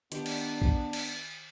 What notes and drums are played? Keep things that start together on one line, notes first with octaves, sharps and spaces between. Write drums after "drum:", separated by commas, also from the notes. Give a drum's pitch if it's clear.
D#3 B3 D4 G4, drum: hi-hat
drum: cymbal
drum: kick A1
drum: cymbal